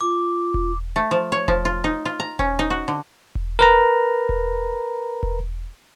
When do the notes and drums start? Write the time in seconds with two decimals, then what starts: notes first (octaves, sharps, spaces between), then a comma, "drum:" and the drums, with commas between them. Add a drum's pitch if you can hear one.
0.01 F4 D6
0.54 drum: kick E1
0.96 A3
1.11 F3
1.32 C#5
1.48 F3, drum: kick E1
1.65 F4
1.84 D#4
2.05 F4
2.20 A#5
2.39 C#4, drum: kick E1
2.59 D#4
2.70 F#4
2.88 D3
3.35 drum: kick E1
3.59 A#4 B4 A#5
4.29 drum: kick E1
5.23 drum: kick E1